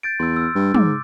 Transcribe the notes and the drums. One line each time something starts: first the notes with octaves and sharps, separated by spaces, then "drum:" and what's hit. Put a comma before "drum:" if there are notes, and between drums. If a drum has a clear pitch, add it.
G6 A6 D7
E2 C6 E6
E6 F6
G2
G#2 D6, drum: tom